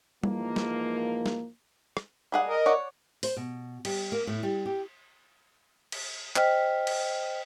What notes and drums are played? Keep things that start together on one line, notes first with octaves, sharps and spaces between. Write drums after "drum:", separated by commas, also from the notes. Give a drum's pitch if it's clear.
G#2 E3 F3 A#3, drum: tom G3
drum: snare
drum: snare
drum: rim click
G3 G#4 F#5
A#4 D#5
C#5 D5 F#5
C5, drum: open hi-hat
B2
G3, drum: cymbal
A#3
A2
G3
G4
drum: cymbal
C5 D#5 G5 F6 B6, drum: clap
drum: cymbal